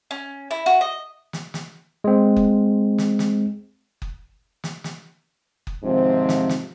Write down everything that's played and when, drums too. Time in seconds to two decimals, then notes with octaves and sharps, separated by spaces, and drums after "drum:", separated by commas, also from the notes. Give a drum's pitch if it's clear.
0.11 C#4
0.51 E4
0.66 F#4
0.81 D#5
1.33 drum: snare
1.54 drum: snare
2.04 G#3 C4
2.36 drum: kick F#1
2.98 drum: snare
3.19 drum: snare
4.02 drum: kick F#1
4.64 drum: snare
4.84 drum: snare
5.67 drum: kick F#1
5.84 G#2 C3 D#3 F3 C4
6.29 drum: snare
6.49 drum: snare